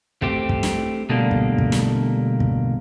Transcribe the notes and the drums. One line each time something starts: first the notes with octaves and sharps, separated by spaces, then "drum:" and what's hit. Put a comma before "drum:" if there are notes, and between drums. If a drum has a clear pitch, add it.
A3 C4 G4, drum: kick
drum: kick
drum: snare
B2 D3 G3 A3 A#3 D4
drum: kick
drum: kick
drum: snare
drum: kick